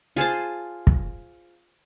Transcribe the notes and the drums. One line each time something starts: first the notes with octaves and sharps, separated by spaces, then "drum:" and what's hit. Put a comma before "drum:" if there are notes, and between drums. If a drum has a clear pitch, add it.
F4 G#4 C5 A5
drum: kick